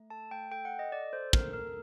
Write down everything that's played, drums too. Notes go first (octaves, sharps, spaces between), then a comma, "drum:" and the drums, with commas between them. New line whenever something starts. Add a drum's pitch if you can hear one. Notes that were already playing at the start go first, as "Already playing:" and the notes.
Already playing: A3
A4 A5
A3 G5
A4 G5
F#5
A4
D#5
A4 D5
A4 C5
A4 A#4, drum: kick
A4 A#4